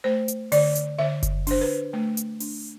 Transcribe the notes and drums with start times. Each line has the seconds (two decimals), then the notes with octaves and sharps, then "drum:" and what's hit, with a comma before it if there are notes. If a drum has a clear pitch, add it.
0.04 A3 C5
0.28 drum: hi-hat
0.52 D3 D5, drum: open hi-hat
0.75 drum: hi-hat
0.99 D3 E5
1.23 drum: kick F#1, hi-hat
1.47 D4 C5, drum: open hi-hat
1.61 B4
1.93 A3
2.17 drum: hi-hat
2.40 D4, drum: open hi-hat